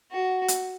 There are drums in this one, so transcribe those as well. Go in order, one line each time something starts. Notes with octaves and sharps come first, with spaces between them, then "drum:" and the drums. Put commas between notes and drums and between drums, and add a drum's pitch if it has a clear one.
F#4
drum: hi-hat